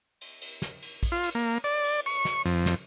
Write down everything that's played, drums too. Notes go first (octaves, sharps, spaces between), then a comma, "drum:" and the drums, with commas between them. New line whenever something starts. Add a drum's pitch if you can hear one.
drum: cymbal
drum: cymbal
drum: snare
drum: cymbal
drum: kick, cymbal
F4
drum: cymbal
A#3
D5, drum: cymbal
drum: cymbal
C#6, drum: cymbal
drum: snare
F2, drum: cymbal
drum: snare